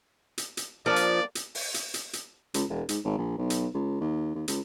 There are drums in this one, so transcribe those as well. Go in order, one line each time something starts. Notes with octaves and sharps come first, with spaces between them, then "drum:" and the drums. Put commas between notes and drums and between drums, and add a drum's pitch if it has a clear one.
drum: hi-hat
drum: hi-hat
F3 A#3 D4 D5
drum: hi-hat
drum: hi-hat
drum: open hi-hat
drum: hi-hat
drum: hi-hat
drum: hi-hat
C#2, drum: hi-hat
E1
G#2, drum: hi-hat
G#1
A#1
B1
drum: hi-hat
C#2
D#2
D#2
C#2, drum: hi-hat